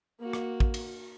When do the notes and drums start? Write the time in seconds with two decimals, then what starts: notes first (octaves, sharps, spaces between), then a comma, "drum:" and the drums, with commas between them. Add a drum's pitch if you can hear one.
0.20 A#3 F#4
0.33 drum: rim click
0.60 drum: kick
0.74 drum: cymbal